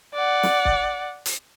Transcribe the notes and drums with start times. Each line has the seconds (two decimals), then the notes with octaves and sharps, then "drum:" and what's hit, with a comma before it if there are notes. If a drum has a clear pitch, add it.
0.15 D5 F#5
0.43 drum: snare
0.65 drum: kick
1.26 drum: hi-hat